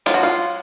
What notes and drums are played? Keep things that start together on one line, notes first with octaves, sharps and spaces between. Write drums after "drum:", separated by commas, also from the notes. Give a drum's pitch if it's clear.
F#3 F4, drum: cymbal
F#4
F4